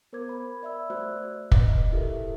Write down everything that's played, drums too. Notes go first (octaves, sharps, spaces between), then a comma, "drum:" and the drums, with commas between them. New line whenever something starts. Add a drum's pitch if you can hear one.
B3 A#4 C5 D6 G#6
B5
D5 E5 B5 E6
A3 F#4 C5 D5 E6 F#6
B4 D#5, drum: kick
E4 G4 A4 A#4 E5